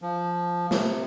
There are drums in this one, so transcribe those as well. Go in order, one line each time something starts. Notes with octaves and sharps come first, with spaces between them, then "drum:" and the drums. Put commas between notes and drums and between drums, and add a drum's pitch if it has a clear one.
F3
C3, drum: snare